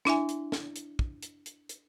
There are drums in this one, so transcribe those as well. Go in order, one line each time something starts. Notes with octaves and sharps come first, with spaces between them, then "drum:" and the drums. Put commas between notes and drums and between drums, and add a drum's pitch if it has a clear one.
D4 E4 E5 G#5, drum: snare
drum: hi-hat
drum: snare
drum: hi-hat
drum: kick
drum: hi-hat
drum: hi-hat
drum: hi-hat